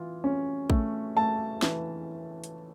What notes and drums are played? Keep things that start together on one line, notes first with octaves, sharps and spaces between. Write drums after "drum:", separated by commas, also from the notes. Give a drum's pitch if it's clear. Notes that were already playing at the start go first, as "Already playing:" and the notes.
Already playing: E3 F4
C#4
A3, drum: kick
A3 A5
E3, drum: snare
drum: hi-hat